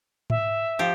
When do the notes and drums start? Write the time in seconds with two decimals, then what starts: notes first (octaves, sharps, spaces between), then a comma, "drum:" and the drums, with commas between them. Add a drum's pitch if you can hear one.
0.30 E5, drum: tom G#2
0.79 F3 G4